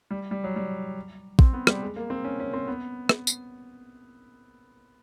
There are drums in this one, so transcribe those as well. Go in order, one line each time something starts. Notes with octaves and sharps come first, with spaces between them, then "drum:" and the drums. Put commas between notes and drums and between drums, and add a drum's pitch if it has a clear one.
G3
G3
F#3
G3
C4, drum: kick
B3
G3, drum: rim click
G#3
A#3
C4
C#4
C#4
C4
B3
drum: rim click
drum: tambourine